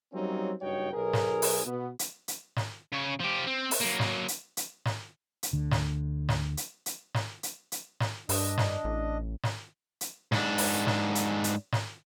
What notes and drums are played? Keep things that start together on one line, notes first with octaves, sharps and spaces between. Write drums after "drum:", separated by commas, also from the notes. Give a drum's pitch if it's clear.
F#3 G3 A#3 C4 C#4 D#4
F#1 G2 D#4 F#4 C#5 G5
B1 G#4 A#4
drum: snare
drum: open hi-hat
B2 B3
drum: hi-hat
drum: hi-hat
drum: snare
C#3 C#5
F3 G4
C4
drum: open hi-hat
F#3 A#3
drum: snare
drum: hi-hat
drum: hi-hat
drum: snare
drum: hi-hat
D2 D3
drum: snare
drum: snare
drum: hi-hat
drum: hi-hat
drum: snare
drum: hi-hat
drum: hi-hat
drum: snare
G2 D4 D#5, drum: open hi-hat
drum: snare
A1
drum: snare
drum: hi-hat
G#2 D4, drum: snare
drum: open hi-hat
drum: snare
drum: hi-hat
drum: hi-hat
drum: snare